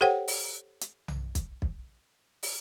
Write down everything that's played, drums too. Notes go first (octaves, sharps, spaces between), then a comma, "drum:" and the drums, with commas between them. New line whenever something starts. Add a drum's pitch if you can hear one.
G4 A4 C5 C#5 F#5 G5
drum: open hi-hat
drum: hi-hat
drum: tom B1
drum: kick, hi-hat
drum: kick
drum: open hi-hat